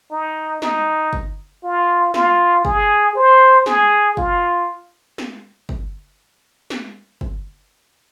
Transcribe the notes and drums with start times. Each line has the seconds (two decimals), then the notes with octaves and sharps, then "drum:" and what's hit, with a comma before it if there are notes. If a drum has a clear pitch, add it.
0.11 D#4
0.62 D#4, drum: snare
1.13 drum: kick
1.63 F4
2.14 F4, drum: snare
2.65 G#4, drum: kick
3.15 C5
3.66 G#4, drum: snare
4.17 F4, drum: kick
5.18 drum: snare
5.69 drum: kick
6.70 drum: snare
7.21 drum: kick